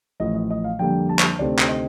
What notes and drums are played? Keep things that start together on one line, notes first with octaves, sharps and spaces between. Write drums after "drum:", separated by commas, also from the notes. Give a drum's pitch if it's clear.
A1 A2 F3 D#5
D#5
D#5
F5
F2 D3 G3 A#3 G5
A5
drum: clap
D2 C3 D#3 A3 C4 D5
drum: clap
D#5